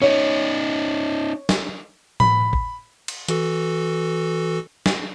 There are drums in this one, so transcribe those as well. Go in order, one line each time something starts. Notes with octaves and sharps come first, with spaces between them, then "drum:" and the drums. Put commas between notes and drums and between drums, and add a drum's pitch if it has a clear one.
C#4 D#4 C#5
drum: snare
B5, drum: tom A2
drum: kick
drum: cymbal
E3 F#4 A4, drum: hi-hat
drum: snare